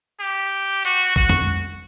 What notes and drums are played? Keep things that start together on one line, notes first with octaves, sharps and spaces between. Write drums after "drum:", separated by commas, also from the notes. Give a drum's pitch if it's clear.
G4
F#4, drum: hi-hat
F#4, drum: kick A1
drum: tom F2